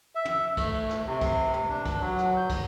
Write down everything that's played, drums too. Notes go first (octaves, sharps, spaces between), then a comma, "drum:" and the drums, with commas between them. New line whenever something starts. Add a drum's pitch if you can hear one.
E5
drum: tom
A3, drum: kick, cymbal
drum: rim click
C3
drum: kick, cymbal
drum: tom
D4
drum: kick, cymbal
F#3
drum: rim click
G6
drum: kick, cymbal